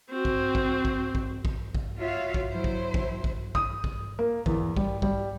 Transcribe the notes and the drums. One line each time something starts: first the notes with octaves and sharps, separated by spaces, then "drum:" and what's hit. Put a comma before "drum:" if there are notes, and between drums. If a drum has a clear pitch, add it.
C4 F#4
drum: kick
drum: kick
drum: kick
drum: kick
drum: kick
drum: kick
F4 F#4 C#5 E5 F5
drum: kick
F#3 E4 C5
drum: kick
drum: kick
drum: kick
D#6, drum: kick
drum: kick
A#3
E2, drum: kick
G3, drum: kick
G3, drum: kick